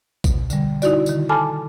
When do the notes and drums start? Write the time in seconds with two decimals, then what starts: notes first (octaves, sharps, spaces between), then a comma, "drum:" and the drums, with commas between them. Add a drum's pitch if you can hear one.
0.24 B2, drum: kick A#1, tambourine
0.50 D3 G3, drum: tambourine
0.82 D#4 E4 F#4 D5, drum: tambourine
1.06 D3 D#3, drum: tambourine
1.29 A4 G#5 A5 B5 D6 F6